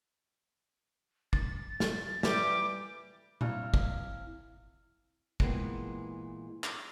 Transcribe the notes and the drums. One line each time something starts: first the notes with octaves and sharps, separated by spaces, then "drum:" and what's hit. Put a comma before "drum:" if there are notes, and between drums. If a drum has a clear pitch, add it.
A6, drum: kick
A6, drum: snare
E3 G3 G4 D6, drum: snare
C4 E4 F5 G#5 E6 F6, drum: tom A#2
drum: kick
A#2 E3 G#3 B3 C4, drum: kick
drum: clap